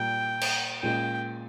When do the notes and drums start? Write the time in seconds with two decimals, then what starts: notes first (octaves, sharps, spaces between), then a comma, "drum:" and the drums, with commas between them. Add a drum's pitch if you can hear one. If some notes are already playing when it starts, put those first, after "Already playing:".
Already playing: A#2 G3 A#3 G5
0.41 drum: cymbal
0.82 A#2 G#3 C#4 F4 G5